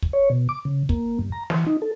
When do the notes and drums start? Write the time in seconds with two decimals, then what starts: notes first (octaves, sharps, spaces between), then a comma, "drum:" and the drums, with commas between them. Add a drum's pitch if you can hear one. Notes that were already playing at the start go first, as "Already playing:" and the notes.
0.02 drum: kick
0.13 C#5
0.30 B2
0.49 D6
0.65 C#3
0.89 A#3, drum: kick
1.19 G2
1.32 A#5
1.50 E3, drum: snare
1.67 D#4
1.82 A4